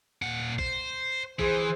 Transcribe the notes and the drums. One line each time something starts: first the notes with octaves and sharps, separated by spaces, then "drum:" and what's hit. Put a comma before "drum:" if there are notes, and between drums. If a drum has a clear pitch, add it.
A#2 F#5
C5, drum: kick A#1
E3 G#4 C5, drum: kick A#1